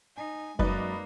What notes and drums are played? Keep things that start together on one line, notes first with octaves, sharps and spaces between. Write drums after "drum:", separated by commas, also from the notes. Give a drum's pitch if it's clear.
D#4 G#5
F#2 G#3 A#3 D#4 B4 D5, drum: kick F1